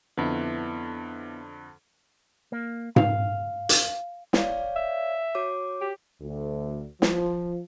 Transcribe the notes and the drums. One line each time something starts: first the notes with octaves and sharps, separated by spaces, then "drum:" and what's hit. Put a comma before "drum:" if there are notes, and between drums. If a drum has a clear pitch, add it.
F2 D3 B3 E4
A#3
F5, drum: tom G#2
drum: hi-hat
C#5 D5 F5, drum: snare
E5
F#4 C#5 D6
G4
D2
F3, drum: snare